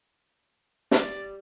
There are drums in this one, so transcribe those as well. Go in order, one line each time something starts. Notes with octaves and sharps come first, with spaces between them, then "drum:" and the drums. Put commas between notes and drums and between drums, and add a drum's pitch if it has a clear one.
G3 D5, drum: snare